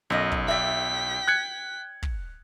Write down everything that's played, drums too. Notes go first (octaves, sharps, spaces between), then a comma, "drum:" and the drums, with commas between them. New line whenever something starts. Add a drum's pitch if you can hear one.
B1 F#2 D#5
drum: kick
D5 E5 G5 B6
F#6 G#6 C#7
drum: kick